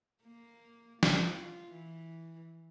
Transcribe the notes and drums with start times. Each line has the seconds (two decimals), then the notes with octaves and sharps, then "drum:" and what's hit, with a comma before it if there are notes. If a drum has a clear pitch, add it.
0.23 A#3
1.03 F4, drum: snare
1.72 E3